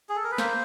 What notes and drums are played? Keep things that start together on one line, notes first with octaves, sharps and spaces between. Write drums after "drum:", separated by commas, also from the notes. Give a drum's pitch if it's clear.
G#4
A4
A#4
B4
A#3 C5, drum: snare